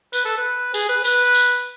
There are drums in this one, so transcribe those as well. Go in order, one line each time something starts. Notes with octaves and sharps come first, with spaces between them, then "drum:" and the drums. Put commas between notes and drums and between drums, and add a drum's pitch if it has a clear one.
B4, drum: tambourine
A4
B4
G#4, drum: tambourine
B4
B4, drum: tambourine
drum: tambourine